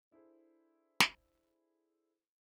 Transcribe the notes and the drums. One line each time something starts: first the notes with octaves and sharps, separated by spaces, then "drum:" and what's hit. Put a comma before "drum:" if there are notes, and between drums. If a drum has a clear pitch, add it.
D4 E4 G#4 A4 C5
drum: snare